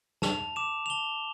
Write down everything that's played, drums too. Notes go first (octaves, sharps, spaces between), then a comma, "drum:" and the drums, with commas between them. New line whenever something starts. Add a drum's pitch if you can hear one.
A5 F7, drum: snare
D6 E7
F7
A5 G7